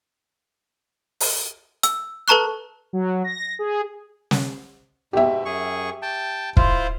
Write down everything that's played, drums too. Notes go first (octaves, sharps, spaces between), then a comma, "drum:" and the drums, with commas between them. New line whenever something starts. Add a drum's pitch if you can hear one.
drum: open hi-hat
E6, drum: hi-hat
A4 B4 A5 A#5 C#6 F#6
F#3
A#6
G#4
drum: snare
G#2 B2 G4 E5
F#2 G#4 C#6
G5 A5
E4 F4 C5, drum: kick